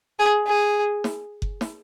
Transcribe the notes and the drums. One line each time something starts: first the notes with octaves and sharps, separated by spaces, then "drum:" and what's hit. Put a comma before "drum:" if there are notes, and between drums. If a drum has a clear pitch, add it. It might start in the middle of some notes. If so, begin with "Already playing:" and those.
G#4
G#4
drum: snare
drum: kick F#1
drum: snare